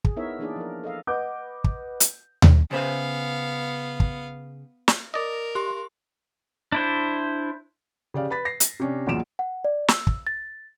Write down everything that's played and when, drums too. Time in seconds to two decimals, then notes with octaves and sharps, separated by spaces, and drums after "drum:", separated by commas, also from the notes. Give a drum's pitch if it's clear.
0.04 G#4, drum: kick
0.16 B3 D#4 E4 A#4 C#5 E5
0.39 E3 A#3 D4 D#4 G#4 D5
0.56 F3 A#4
0.84 A4 D#5 F5
1.07 B4 D#5 F#5 D6 G6
1.64 drum: kick
2.00 drum: hi-hat
2.42 drum: tom D#2
2.71 C#3 B3 C5 E5 F5
4.00 drum: kick
4.88 drum: snare
5.14 A#4 D5 D#5
5.55 G4 C6
6.72 D4 E4 C5
8.14 C#3 G4 D5 F5
8.30 B4 B5 A6 B6
8.45 A#6 C7
8.60 drum: hi-hat
8.80 C3 C#4 D4
9.07 B1 E2 A#2 F4 D7 E7
9.39 F#5
9.65 D5
9.88 E6, drum: snare
10.07 drum: kick
10.27 A6